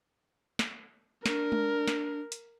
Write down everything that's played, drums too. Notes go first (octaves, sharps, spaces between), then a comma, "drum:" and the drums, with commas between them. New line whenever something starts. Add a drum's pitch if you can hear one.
drum: snare
D4 A#4, drum: snare
drum: tom G#3
drum: snare
drum: hi-hat